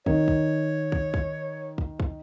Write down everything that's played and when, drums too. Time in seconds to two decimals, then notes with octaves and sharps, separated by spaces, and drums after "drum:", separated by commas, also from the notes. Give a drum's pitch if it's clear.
0.06 D#3 C#5, drum: kick
0.28 drum: kick
0.92 drum: kick
1.14 drum: kick
1.78 drum: kick
2.00 drum: kick